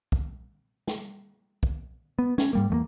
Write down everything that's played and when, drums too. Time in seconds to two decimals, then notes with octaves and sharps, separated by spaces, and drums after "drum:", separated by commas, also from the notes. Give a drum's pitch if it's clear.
0.12 drum: kick
0.87 drum: snare
1.63 drum: kick
2.19 B3
2.38 C#4, drum: snare
2.53 G#2 G3 A#3
2.70 E2 A3 A#3